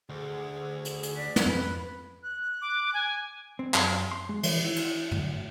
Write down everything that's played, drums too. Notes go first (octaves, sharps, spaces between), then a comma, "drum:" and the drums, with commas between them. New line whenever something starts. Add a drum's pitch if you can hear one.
D2 G#4
drum: hi-hat
drum: hi-hat
D5 B6
drum: snare
F2 C#4 B4
F#6
D6
G#5
C4
F#2, drum: clap
C6
G#3
E3, drum: cymbal
E4
drum: cymbal
D2, drum: tom